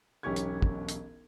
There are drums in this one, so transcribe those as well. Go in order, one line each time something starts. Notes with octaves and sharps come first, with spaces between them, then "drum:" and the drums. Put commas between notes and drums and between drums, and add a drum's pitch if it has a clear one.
E1 B1 C#4 G4 C#6 G#6
drum: hi-hat
drum: kick
drum: hi-hat